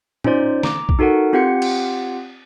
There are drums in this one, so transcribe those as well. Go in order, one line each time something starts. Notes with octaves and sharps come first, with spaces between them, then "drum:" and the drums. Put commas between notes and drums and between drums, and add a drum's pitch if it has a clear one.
C#4 D#4 F4 C5 D5, drum: tom
A#5 D6, drum: snare
drum: kick A#1
D#4 F#4 A4 A#4 F#5
C4 F4 G4 F#5 G6 C#7
drum: cymbal